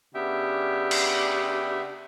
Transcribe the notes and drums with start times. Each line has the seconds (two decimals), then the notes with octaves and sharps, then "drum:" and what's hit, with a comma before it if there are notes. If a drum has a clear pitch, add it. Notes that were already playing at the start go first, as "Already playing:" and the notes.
0.15 C#3 B3 D4 G4 E5
0.91 drum: cymbal